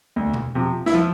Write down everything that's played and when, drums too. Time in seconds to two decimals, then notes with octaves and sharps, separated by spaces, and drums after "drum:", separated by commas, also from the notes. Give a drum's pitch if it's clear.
0.16 D2
0.34 drum: tom B2
0.55 C3 F3
0.86 E4, drum: snare
0.93 F3 F4